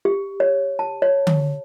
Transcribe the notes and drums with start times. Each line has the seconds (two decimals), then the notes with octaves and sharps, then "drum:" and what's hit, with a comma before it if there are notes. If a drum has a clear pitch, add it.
0.05 G4
0.40 C#5
0.79 A5
1.02 C#5
1.27 drum: tom D3